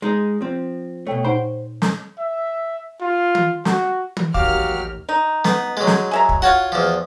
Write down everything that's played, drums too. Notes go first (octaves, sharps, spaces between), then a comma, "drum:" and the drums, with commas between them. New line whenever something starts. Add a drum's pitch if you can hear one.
G#3 D#4 G#4
F3 C4
B2 A3 C#5 G5
A#2 D#4 C5 F#5
drum: snare
E5
F4
drum: tom
F#4, drum: snare
drum: tom
A1 D#2 F#3 F#4 G4 F5 D6 F6, drum: kick
D#4
B3, drum: snare
F#3 G#3
drum: snare
G#4 E5 A#5
drum: kick
F4 F#4 C#5 F#5
E2 F3